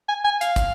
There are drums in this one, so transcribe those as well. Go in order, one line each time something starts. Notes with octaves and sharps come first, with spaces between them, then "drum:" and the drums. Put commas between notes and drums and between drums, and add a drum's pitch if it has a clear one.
G#5
G#5
F5, drum: hi-hat
drum: kick, hi-hat